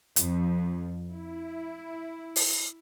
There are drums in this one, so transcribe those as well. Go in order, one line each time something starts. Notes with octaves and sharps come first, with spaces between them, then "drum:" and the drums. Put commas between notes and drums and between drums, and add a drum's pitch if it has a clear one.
F2, drum: hi-hat
E4
drum: open hi-hat